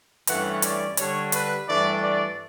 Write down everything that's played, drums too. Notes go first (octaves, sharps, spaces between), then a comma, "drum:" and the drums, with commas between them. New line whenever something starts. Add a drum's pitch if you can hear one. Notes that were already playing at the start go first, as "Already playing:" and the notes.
G2 E3 A3 C#4 F#5, drum: hi-hat
D5, drum: hi-hat
D3 G3 D4 C#5, drum: hi-hat
B4, drum: hi-hat
G2 E3 A3 D4 D5
D5